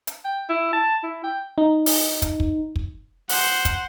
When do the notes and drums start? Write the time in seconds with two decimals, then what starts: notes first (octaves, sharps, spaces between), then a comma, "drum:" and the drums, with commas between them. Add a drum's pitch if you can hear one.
0.07 drum: hi-hat
0.25 G5
0.49 E4
0.73 A5
1.03 E4
1.24 G5
1.58 D#4
1.86 drum: open hi-hat
2.22 drum: kick, hi-hat
2.40 drum: kick
2.76 drum: kick
3.29 C5 F#5, drum: open hi-hat
3.65 drum: kick, hi-hat